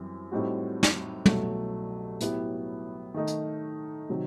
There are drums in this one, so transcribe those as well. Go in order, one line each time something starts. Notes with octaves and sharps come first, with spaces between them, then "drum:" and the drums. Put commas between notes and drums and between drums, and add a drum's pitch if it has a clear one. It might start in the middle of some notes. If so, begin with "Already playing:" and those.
Already playing: F#2 E3 G3 C4
A2 G3 C4 D#4 F#4
drum: snare
C2 B2 F#3 A3, drum: tom
A2 F#3 B3 E4 G4, drum: hi-hat
D#3 A3 D#4
drum: hi-hat
C3 D#3 F#3